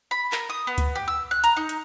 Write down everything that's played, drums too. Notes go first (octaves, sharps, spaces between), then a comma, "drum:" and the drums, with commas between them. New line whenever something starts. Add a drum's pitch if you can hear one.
B5
A#4, drum: clap
D#6
B3
drum: kick C#2, hi-hat
G4
E6
F#6
A#5, drum: hi-hat
D#4
drum: hi-hat